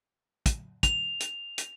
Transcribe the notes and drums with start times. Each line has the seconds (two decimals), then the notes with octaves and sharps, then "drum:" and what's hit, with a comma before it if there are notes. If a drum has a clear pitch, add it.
0.46 drum: kick, hi-hat
0.83 F7, drum: kick, hi-hat
1.20 drum: hi-hat
1.58 drum: hi-hat